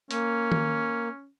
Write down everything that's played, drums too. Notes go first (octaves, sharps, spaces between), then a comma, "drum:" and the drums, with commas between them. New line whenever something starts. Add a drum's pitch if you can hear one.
A#3 C#4, drum: hi-hat
drum: tom D#3